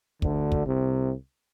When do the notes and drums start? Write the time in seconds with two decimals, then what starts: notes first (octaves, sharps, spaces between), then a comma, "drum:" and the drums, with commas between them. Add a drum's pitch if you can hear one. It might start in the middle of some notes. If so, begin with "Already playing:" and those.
0.22 D2 D3, drum: kick
0.52 drum: kick
0.66 C2 C3